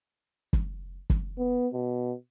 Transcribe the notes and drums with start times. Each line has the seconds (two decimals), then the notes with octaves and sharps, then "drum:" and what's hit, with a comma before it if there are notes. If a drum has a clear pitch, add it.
0.53 drum: kick
1.10 drum: kick
1.38 B3
1.73 B2